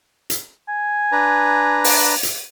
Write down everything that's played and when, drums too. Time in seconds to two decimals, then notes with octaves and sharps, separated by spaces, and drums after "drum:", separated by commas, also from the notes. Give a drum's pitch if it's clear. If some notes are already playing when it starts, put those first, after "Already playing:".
0.30 drum: hi-hat
0.68 G#5
1.12 D4 B4 A#5
1.84 drum: open hi-hat
2.23 drum: hi-hat